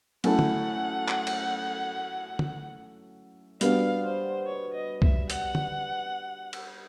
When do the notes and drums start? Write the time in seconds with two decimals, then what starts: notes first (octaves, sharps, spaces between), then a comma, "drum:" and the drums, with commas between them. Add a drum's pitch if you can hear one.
0.24 F#3 A3 C#4 E4 A4 F#5, drum: cymbal
0.39 drum: tom
1.08 drum: clap
1.27 drum: cymbal
2.39 drum: tom
3.61 G3 B3 D4 F#4 F5, drum: hi-hat
4.03 C5
4.45 C#5
4.74 D#5
5.02 E5, drum: kick C2
5.30 F#5, drum: hi-hat
5.55 drum: tom
6.53 drum: cymbal